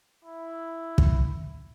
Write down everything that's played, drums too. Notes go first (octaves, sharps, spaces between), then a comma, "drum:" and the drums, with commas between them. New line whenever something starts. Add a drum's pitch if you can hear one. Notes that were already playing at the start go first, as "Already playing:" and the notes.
E4
drum: kick